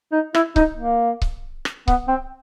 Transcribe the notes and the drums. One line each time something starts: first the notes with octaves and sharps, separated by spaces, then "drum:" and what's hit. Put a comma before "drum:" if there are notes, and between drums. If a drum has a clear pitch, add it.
D#4
E4, drum: rim click
D#4, drum: kick C#1
A#3
drum: kick C#1
drum: rim click
B3, drum: kick C#1
C4